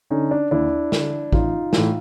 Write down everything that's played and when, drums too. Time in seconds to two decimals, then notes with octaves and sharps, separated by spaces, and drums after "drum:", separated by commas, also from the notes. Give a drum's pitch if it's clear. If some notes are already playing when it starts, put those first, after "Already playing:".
0.10 D3 C#4 D#4
0.31 D4
0.51 D#2 D4 E4
0.92 D3, drum: snare
1.32 A1 D#4 F4, drum: kick
1.73 A2 E3, drum: snare